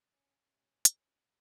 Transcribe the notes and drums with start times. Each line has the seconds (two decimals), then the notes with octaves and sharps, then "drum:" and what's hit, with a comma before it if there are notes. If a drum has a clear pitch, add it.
0.11 C#4
0.48 A#2 G3 C#4
0.85 drum: hi-hat